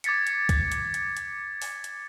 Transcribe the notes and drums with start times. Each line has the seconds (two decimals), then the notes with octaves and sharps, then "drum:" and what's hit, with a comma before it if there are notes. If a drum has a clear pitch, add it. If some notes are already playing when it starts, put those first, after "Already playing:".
0.04 D6 G#6 A6 B6 C#7, drum: hi-hat
0.27 drum: hi-hat
0.49 drum: kick C#2, hi-hat
0.72 drum: hi-hat
0.94 drum: hi-hat
1.17 drum: hi-hat
1.62 drum: open hi-hat
1.84 drum: hi-hat